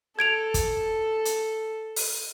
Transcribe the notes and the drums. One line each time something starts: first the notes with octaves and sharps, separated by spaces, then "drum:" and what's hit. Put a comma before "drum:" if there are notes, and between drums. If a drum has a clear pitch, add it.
A4 G#6 D7 F7
drum: kick, hi-hat
drum: hi-hat
drum: open hi-hat